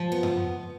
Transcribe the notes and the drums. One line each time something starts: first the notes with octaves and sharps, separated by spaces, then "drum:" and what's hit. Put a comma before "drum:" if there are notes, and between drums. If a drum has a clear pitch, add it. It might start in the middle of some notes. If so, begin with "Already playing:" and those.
Already playing: F3
B3
drum: tom F#2